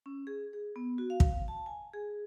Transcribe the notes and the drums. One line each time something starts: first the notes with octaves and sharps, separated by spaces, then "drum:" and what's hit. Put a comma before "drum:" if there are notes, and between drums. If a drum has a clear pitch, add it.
C#4
G#4
G#4
B3
F#4
F5
drum: kick
A5
G#5
G#4